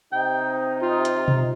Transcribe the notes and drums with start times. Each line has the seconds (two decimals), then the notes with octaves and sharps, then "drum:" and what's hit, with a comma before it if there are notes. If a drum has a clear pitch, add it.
0.12 C3 D#4 G5
0.82 F4
1.05 drum: hi-hat
1.28 drum: tom B2